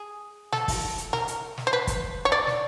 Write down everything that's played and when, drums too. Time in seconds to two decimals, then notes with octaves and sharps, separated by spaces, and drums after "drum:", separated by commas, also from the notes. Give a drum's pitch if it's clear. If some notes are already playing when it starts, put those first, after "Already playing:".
Already playing: G#4
0.52 A4, drum: snare
0.68 drum: kick, open hi-hat
0.98 drum: hi-hat
1.13 A#4, drum: snare
1.28 drum: hi-hat
1.58 drum: snare
1.67 C5
1.73 B4
1.87 drum: kick, hi-hat
2.25 C#5
2.32 D5
2.47 drum: snare